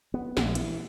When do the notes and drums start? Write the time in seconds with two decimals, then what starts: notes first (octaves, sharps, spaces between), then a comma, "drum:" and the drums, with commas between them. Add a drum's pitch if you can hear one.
0.14 B3
0.37 A#1, drum: snare
0.55 E3, drum: hi-hat